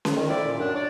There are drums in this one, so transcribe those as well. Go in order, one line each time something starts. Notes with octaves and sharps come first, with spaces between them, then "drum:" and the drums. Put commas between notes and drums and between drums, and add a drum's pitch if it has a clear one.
drum: snare C#4
D#3
F2 C4 E4 D5
A#2
F#2 D4
C#5 D5